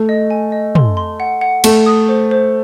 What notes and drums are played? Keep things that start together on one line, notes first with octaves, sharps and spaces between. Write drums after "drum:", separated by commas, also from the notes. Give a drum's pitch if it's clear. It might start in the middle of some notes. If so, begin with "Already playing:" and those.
Already playing: A3
D#5
G#5
D#5
C6, drum: tom
C6
F#5
F#5
A3 A5, drum: cymbal
D#6
C5
C5